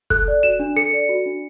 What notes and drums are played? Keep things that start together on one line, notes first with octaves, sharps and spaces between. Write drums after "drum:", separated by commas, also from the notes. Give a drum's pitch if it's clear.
A4 F#6, drum: kick
D5
F#4 E7
D4
A4 C#7
D5
F#4
D4